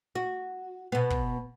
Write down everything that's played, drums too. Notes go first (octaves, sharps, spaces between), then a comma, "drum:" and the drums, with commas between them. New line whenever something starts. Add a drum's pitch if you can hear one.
F#4
B2 B3
drum: kick